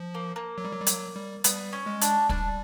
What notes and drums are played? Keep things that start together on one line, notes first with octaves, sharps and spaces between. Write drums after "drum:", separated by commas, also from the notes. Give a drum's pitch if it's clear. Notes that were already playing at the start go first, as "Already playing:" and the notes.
Already playing: F3
A#3
A#3
F#3
G3
F#3
G3
F#3, drum: hi-hat
G3
G3 B3, drum: hi-hat
C#4
G#3
D4, drum: hi-hat
G3 D4, drum: kick